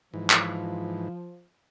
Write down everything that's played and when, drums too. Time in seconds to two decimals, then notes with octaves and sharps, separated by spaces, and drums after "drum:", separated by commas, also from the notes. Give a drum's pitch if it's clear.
0.14 G#2 E3 F3
0.30 drum: clap